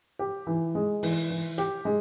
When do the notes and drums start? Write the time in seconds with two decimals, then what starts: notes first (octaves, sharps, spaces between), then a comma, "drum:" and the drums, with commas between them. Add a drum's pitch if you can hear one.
0.19 G4
0.47 E3
0.75 G#3
1.03 E3, drum: open hi-hat
1.30 E3
1.58 G4, drum: hi-hat
1.85 G#3